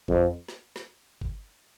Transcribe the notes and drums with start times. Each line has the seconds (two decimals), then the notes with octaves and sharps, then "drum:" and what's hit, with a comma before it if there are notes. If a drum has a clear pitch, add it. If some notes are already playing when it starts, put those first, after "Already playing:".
0.08 F2, drum: kick F#1
0.48 drum: snare
0.76 drum: snare
1.21 drum: kick F#1